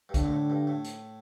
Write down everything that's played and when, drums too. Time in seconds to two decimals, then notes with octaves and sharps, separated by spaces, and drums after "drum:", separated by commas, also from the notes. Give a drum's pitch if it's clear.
0.09 G2
0.14 A2 D3, drum: kick, hi-hat
0.23 A#2
0.32 A2
0.50 G2
0.67 A2
0.84 drum: hi-hat